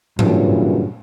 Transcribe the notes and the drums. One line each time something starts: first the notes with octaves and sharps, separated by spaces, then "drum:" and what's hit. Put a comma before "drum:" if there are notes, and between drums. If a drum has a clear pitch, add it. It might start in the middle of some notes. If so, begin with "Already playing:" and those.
G2 A#2 C#3 E3 F#3, drum: tom